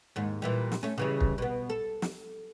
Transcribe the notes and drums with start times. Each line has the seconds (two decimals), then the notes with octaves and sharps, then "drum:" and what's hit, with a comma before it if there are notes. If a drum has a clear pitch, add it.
0.16 D#2 G#2
0.42 A#2 E3 G3
0.72 drum: snare
0.83 A3 C#4
0.98 C#3 E3 G3
1.21 drum: kick
1.38 B2 B3
1.70 A4
2.02 drum: snare